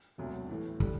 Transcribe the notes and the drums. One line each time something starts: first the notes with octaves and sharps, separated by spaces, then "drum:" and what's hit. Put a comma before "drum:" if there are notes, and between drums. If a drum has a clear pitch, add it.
E1 D2 C3 F#3
A2 E3 A3
D3 G3, drum: kick